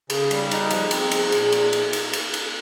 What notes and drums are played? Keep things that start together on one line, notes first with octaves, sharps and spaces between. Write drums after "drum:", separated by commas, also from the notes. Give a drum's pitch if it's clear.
C#3 G#4, drum: cymbal
G3, drum: cymbal
D#4, drum: cymbal
F3, drum: cymbal
C4, drum: cymbal
F3, drum: cymbal
A#2, drum: cymbal
drum: cymbal
drum: cymbal
drum: cymbal
drum: cymbal
drum: cymbal